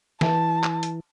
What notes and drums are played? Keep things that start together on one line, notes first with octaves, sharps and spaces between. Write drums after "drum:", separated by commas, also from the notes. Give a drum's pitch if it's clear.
E3 A5, drum: snare
drum: clap
drum: hi-hat